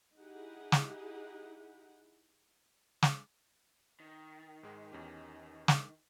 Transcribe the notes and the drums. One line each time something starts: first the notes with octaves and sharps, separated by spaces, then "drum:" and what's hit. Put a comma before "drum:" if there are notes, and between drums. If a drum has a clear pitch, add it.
D#4 E4 G4 G#4 F#5
drum: snare
drum: snare
D#3
G#2 G#3
E2 C#4 G4
drum: snare